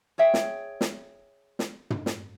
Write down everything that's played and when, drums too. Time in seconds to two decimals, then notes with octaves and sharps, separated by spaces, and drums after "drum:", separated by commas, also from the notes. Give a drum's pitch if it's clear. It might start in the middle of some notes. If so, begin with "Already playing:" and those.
0.18 G#4 C#5 E5 G5
0.34 drum: snare
0.81 drum: snare
1.59 drum: snare
1.90 drum: tom
2.06 drum: snare